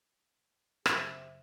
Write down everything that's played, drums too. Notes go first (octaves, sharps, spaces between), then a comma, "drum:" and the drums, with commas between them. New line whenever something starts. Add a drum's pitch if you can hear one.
F#2 C#3 G4 C5 E5, drum: rim click